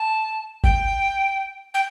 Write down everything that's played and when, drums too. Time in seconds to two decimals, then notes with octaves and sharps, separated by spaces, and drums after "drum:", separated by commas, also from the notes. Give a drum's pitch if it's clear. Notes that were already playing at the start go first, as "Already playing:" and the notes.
Already playing: A5
0.64 G5, drum: kick G1
1.74 G5